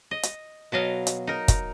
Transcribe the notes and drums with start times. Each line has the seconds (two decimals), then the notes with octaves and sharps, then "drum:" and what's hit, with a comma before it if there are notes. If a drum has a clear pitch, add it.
0.11 D#5
0.23 drum: hi-hat
0.72 B2 F#3 D#5 F5
1.07 drum: hi-hat
1.27 D#4 A#4
1.48 drum: kick, hi-hat